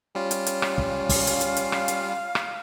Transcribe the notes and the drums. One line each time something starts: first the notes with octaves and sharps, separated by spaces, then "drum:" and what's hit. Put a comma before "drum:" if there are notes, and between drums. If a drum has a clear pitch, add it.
G3 C#4 F4
drum: hi-hat
drum: hi-hat
drum: rim click
drum: kick
drum: kick, open hi-hat
F5, drum: hi-hat
drum: hi-hat
drum: hi-hat
drum: rim click
drum: hi-hat
drum: rim click